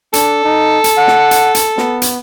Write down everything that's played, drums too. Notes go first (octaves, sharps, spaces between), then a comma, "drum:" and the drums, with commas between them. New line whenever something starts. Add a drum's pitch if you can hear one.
D4 A4, drum: hi-hat
D#4
drum: hi-hat
F#5
drum: snare
drum: hi-hat
drum: hi-hat
B3, drum: snare
drum: hi-hat